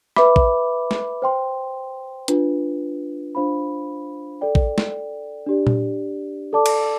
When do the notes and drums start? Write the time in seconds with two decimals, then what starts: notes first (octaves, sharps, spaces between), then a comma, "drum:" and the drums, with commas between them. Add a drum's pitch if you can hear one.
0.16 B4 E5 B5 D6, drum: rim click
0.36 drum: kick A1
0.91 drum: snare
1.22 C5 G5 C6
2.28 D4 F4 B4, drum: hi-hat
3.35 D4 F4 C5 F5 B5
4.41 A4 D5 G5
4.55 drum: kick A1
4.78 drum: snare
5.46 D4 G4 D5
5.67 drum: tom A#2
6.53 A4 D5 A5 D6
6.66 drum: cymbal